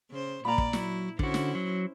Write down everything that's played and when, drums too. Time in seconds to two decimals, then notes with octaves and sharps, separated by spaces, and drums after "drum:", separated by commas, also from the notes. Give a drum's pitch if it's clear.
0.10 C#3 C5
0.45 A#2 A#3 D5 A#5 B5
0.58 drum: kick
0.73 F#3 E4, drum: snare
1.19 D3 C#4 E4 F#4 C5, drum: kick
1.34 drum: snare
1.55 F#3